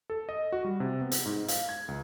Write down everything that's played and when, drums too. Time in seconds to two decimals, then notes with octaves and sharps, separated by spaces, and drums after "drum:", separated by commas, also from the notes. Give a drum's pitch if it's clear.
0.10 A4
0.29 D#5
0.52 F#4
0.64 G3
0.80 C3
1.01 B3
1.12 drum: hi-hat
1.25 G#2
1.48 F5, drum: hi-hat
1.69 G#6
1.88 C#2